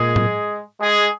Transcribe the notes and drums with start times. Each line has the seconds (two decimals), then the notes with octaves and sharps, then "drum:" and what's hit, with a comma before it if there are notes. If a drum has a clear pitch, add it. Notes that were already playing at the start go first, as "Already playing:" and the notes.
Already playing: A#2 G#3 G#4
0.16 drum: tom A2
0.81 G#3 G#4